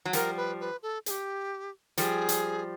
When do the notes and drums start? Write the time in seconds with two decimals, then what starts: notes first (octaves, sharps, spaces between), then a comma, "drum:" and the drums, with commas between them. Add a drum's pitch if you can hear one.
0.05 F#3
0.13 F3 G3 A#4, drum: hi-hat
0.37 B4
0.60 B4
0.83 A4
1.06 G#4, drum: hi-hat
1.10 G4
1.97 F3 G3 G#4 A4, drum: hi-hat
2.29 drum: hi-hat